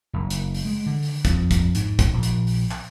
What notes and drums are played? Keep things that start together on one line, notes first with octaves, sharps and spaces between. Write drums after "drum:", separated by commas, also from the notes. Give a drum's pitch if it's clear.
F#1
drum: hi-hat
drum: open hi-hat
G#3
D3
drum: open hi-hat
F2, drum: kick, hi-hat
drum: kick, hi-hat
G#2, drum: hi-hat
drum: kick, hi-hat
A#1
drum: hi-hat
drum: open hi-hat
drum: clap